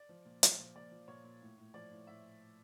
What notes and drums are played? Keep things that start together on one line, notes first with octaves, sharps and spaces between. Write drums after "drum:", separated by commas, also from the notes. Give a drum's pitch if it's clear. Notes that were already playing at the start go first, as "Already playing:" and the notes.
Already playing: D5
F3
A#2
F3, drum: hi-hat
A#2
A#2 D5
F3
A#2 C#5
A#2
A2
A2
F3 D5
A2
A2 E5